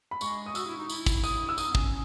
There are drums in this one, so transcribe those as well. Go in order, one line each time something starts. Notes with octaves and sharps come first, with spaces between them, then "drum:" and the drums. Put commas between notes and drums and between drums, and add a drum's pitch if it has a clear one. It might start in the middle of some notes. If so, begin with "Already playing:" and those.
B5
G#3 C#6, drum: tambourine
D#6
F#4 E6, drum: tambourine
E4
D#4
E4, drum: tambourine
drum: kick, tambourine
D#6, drum: tambourine
E6
D#4 D#6, drum: tambourine
B3
C#4, drum: kick